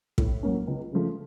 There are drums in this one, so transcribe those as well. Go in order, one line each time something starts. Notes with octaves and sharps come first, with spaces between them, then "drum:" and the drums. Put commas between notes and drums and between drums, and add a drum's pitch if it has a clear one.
A2, drum: kick
F#3 A#3 C#4
C#2
C#3 F3 A3